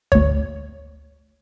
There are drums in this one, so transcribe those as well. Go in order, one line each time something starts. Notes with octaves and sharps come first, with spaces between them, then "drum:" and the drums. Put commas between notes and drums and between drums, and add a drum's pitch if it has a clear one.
D2 C#5, drum: kick G1